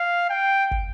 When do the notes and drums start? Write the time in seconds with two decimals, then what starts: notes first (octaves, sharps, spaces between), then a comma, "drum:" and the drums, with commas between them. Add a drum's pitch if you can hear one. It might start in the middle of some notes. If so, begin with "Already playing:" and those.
Already playing: F5
0.30 G5
0.71 drum: kick